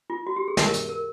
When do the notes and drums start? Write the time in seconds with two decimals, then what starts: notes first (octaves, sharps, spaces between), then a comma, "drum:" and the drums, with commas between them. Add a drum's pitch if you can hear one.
0.10 F4
0.27 F#4
0.36 G4
0.48 G#4
0.57 A#4, drum: snare
0.74 drum: hi-hat
0.89 A#4